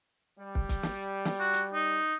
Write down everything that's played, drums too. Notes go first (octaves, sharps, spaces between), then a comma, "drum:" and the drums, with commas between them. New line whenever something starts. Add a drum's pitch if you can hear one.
G3
drum: kick
drum: kick, hi-hat
drum: snare
drum: snare
F#4
drum: hi-hat
D#4